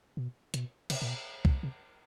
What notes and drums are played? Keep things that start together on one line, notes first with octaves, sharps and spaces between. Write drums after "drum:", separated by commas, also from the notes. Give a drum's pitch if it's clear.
B2
B2, drum: hi-hat
C3, drum: cymbal
A#2
B2
B2, drum: kick C2
C3